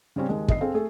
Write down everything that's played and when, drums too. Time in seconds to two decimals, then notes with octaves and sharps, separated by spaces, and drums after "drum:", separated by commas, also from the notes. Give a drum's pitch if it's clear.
0.16 C#3 G3 C4 C#4
0.29 D#2 G#3
0.48 G1 D#5 C7, drum: kick
0.61 C4 G#4 A4 F5
0.74 A3 G#4 A4